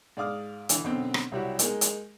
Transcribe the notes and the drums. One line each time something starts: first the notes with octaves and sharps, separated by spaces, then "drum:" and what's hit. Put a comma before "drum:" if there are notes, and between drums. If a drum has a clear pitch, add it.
G#2 D5 F5 D6 D#6 F6
D3 E3, drum: hi-hat
F#2 B2 D3 C4
drum: rim click
C2 F#3 G3 E4 F#4
G#3 A#3 D#4, drum: hi-hat
drum: hi-hat